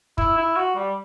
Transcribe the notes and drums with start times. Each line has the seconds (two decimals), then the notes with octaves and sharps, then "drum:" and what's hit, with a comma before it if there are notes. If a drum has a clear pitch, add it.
0.18 E4, drum: kick
0.38 E4
0.57 F#4
0.76 G3